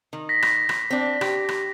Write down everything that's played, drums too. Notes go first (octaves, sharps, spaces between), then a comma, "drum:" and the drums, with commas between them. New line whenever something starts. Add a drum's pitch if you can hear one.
D#3
A#6 B6
drum: rim click
drum: rim click
C4 D4
G4, drum: rim click
drum: rim click